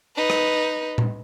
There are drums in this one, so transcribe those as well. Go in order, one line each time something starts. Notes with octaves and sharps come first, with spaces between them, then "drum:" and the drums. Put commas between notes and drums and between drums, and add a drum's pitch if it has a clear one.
D#4 B4
drum: rim click
drum: tom A#2